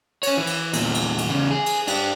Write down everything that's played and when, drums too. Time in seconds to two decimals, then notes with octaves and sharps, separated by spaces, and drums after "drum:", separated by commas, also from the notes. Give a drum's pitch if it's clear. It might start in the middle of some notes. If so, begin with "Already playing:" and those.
0.23 C#4 C#5, drum: cymbal
0.37 E3
0.47 drum: cymbal
0.73 E2 A#2, drum: cymbal
0.94 drum: cymbal
1.18 drum: cymbal
1.28 E2 C#3
1.51 G#4
1.66 drum: cymbal
1.87 D4 G4, drum: cymbal